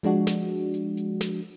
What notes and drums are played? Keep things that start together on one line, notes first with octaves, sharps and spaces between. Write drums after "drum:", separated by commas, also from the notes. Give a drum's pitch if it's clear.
F3 G#3 D4 F#4, drum: hi-hat
drum: snare
drum: hi-hat
drum: hi-hat
drum: snare